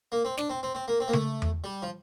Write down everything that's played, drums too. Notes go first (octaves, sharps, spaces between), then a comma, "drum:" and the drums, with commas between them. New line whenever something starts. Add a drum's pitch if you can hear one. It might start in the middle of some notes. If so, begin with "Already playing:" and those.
A#3
C4
D4, drum: snare
C4
C4
C4
A#3
C4
A#3
A3, drum: tom C#3
drum: tom E2
G3
F3